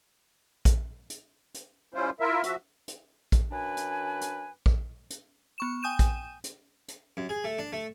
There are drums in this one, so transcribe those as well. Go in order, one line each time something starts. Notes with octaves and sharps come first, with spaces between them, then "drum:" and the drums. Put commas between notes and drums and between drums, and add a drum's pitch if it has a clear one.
drum: kick A#1, hi-hat
drum: hi-hat
drum: hi-hat
G3 C#4 E4 F4 C5
E4 F4 A#4 E5
F3 F#4 E5, drum: hi-hat
drum: hi-hat
drum: kick A#1, hi-hat
F#2 D4 B4 G#5
drum: hi-hat
drum: hi-hat
drum: kick A#1
drum: hi-hat
B3 C#6 E7
G5 G#5 D#6 G6 D#7 E7
drum: kick A#1, hi-hat
drum: hi-hat
drum: hi-hat
F#2
G#4
A3
D4
A3